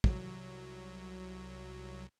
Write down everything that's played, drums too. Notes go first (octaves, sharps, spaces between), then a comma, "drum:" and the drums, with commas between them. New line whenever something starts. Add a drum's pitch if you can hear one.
C2 F#3, drum: kick